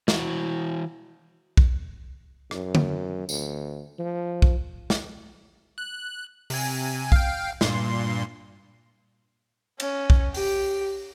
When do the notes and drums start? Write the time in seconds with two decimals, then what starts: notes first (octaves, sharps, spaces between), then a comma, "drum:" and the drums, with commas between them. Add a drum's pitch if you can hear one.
0.08 E3 F#4, drum: snare
1.57 drum: kick B1
2.51 F#2, drum: rim click
2.75 drum: tom
3.29 D2, drum: tambourine
3.99 F3
4.42 drum: kick B1
4.90 drum: snare
5.78 F#6
6.50 C3 G#5, drum: open hi-hat
7.12 F5 G5, drum: kick B1
7.61 G2 A#2 C6, drum: snare
9.80 C#4, drum: cymbal
10.10 drum: kick B1
10.34 G4, drum: open hi-hat